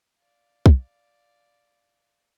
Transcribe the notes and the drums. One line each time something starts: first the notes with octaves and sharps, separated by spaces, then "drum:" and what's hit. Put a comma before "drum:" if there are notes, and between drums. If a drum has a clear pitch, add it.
D5 F5
drum: kick